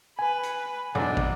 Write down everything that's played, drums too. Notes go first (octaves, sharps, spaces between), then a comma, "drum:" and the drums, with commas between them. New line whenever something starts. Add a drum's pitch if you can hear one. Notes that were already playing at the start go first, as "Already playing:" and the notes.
B4 G#5
drum: hi-hat
B1 D4, drum: tom E2
drum: kick